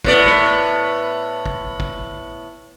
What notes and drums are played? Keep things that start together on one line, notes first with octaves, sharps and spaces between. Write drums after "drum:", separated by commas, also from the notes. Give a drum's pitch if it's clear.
A2 B3 D5, drum: kick
drum: snare
drum: kick
drum: kick